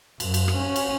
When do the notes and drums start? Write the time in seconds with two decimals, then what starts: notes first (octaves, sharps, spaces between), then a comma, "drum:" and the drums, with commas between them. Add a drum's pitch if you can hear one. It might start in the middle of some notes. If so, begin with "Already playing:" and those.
0.20 F#2, drum: cymbal
0.34 drum: cymbal
0.48 drum: rim click
0.58 C#4
0.76 drum: cymbal